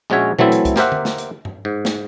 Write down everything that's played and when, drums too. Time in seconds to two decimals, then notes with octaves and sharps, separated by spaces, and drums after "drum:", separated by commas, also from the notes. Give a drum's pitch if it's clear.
0.10 A#1 G#3 C#4 F#4 C#5 E5
0.39 E3 F#3 A3 C4 E4 A4, drum: tom A#2
0.52 drum: hi-hat
0.65 drum: kick, hi-hat
0.76 A#3 G4 A#4 C5 E5 F#5, drum: snare
0.92 drum: tom D3
1.05 drum: snare
1.18 drum: hi-hat
1.45 drum: tom G2
1.65 G#2
1.85 drum: snare